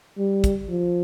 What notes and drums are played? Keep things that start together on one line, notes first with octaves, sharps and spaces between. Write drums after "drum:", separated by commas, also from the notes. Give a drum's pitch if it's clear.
G3
drum: kick, hi-hat
F3